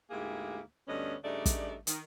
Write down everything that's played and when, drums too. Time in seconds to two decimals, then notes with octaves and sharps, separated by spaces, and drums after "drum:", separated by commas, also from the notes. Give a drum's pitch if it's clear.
0.11 D2 G#2 A#3 E4 G4 G#4
0.88 D2 G2 D3 B3 C#4 D#5
1.23 G2 C#3 A3 D#4 D5
1.46 drum: kick, hi-hat
1.87 D#3, drum: hi-hat